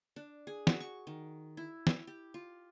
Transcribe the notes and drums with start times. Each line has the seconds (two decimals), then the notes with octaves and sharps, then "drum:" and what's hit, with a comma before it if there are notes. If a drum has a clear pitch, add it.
0.16 D4
0.47 G#4
0.67 F#4, drum: snare
0.80 C#6
1.07 D#3
1.57 E4
1.87 drum: snare
2.07 G4
2.34 F4